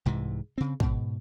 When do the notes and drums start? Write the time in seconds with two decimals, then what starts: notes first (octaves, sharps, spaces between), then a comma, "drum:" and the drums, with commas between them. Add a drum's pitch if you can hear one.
0.05 C2 G#2 C3 E3
0.58 C#3 C4
0.80 G#2 B2, drum: kick